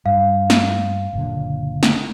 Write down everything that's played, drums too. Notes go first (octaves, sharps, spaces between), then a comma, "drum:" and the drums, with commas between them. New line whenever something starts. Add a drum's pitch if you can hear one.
G2 F5
drum: snare
F#1 A#2 D3
drum: snare